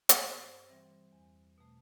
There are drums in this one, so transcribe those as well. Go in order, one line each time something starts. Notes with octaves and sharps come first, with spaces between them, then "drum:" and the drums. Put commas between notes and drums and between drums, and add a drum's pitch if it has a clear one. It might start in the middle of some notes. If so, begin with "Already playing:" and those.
drum: hi-hat
G2 C5
E3 G3 C4
E2
B2 A3